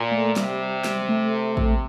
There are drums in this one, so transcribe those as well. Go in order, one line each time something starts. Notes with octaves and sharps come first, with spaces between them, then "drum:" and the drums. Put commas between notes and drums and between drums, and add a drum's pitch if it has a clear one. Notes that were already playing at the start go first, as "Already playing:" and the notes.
Already playing: A#2
A3
C3 G3, drum: snare
drum: snare
A3
drum: kick A1